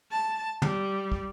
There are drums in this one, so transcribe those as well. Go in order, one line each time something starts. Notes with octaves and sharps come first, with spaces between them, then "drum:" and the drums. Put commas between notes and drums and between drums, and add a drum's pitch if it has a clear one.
A5
G3, drum: tom
drum: kick